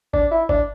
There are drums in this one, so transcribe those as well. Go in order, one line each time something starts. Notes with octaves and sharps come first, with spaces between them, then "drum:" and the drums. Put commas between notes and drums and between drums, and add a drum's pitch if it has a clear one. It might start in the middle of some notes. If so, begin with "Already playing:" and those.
D4, drum: kick G1
E4
D4, drum: kick G1